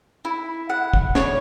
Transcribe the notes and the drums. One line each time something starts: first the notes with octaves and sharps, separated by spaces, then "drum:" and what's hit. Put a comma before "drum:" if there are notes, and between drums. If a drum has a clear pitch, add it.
E4
F#5
drum: kick
C#5, drum: snare